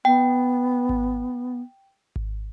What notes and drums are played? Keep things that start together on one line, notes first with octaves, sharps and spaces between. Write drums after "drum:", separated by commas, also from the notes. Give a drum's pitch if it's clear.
B3 G5
drum: kick G#1
drum: kick G#1